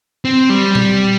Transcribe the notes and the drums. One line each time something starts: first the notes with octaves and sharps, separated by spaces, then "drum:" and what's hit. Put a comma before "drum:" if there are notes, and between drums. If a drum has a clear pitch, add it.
C4
G3
drum: tom A#2